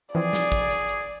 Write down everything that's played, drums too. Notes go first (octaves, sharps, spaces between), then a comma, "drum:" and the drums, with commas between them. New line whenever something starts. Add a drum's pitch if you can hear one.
E3 F3 C4 G#4 D5
drum: snare
drum: kick, hi-hat
drum: hi-hat
drum: hi-hat